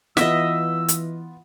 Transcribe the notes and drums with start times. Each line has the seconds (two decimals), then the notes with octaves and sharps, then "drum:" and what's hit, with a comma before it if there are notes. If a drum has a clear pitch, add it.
0.17 E3 B3 F4 D#5 E5 E6, drum: snare
0.88 drum: hi-hat